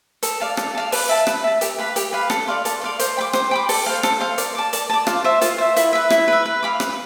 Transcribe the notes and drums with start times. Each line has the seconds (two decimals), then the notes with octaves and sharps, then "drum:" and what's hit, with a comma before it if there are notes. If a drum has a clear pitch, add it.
0.23 A4, drum: hi-hat
0.40 D5 F5 A5
0.57 A4, drum: rim click
0.75 D5 F5 A5
0.92 B4, drum: open hi-hat
1.09 E5 A5
1.27 B4, drum: rim click
1.44 E5 A5
1.61 G4, drum: hi-hat
1.79 B4 F5 B5
1.96 G4, drum: hi-hat
2.13 B4 F5 B5
2.30 A4, drum: rim click
2.47 D5 F5 C6
2.65 A4, drum: hi-hat
2.82 D5 F5 C6
2.99 C5, drum: hi-hat
3.17 G5 B5 D6
3.33 C5, drum: rim click
3.51 G5 B5 D6
3.69 A4, drum: open hi-hat
3.86 C5 F5
4.03 A4, drum: rim click
4.21 C5 F5
4.38 D5, drum: hi-hat
4.55 A5 D6
4.73 D5, drum: hi-hat
4.89 A5 D6
5.07 F4, drum: rim click
5.24 C5 E5
5.41 F4, drum: hi-hat
5.58 C5 E5
5.76 E4, drum: hi-hat
5.93 B4 E5
6.10 E4, drum: rim click
6.28 B4 E5
6.46 B4
6.63 F5 B5 D6
6.80 B4, drum: rim click